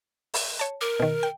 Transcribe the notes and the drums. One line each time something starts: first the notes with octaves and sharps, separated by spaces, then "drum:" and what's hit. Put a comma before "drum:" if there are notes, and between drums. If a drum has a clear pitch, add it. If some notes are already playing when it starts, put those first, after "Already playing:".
drum: open hi-hat
C#5 A5
A#4 D6
B2 D#3
G5